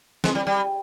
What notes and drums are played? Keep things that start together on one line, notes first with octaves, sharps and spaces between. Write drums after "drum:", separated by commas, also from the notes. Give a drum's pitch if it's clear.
G#3, drum: snare
G3
G3